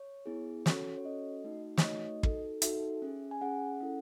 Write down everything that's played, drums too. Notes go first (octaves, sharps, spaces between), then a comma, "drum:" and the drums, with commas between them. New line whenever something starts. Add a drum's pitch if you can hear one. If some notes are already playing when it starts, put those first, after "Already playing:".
Already playing: C#5
B3 E4 G#4
C#4 F#4 A4 C#5, drum: snare
C#5
C#4 F#4 A4 D#5
A3 D#4 F#4
C#5, drum: snare
A3 D#4 F#4 D#5
D#4 F#4 A4, drum: kick
D#4 F#4 A4 E5, drum: hi-hat
C#4 G#4
G#5
C#4 G#4 F#5
C#4 E4 A4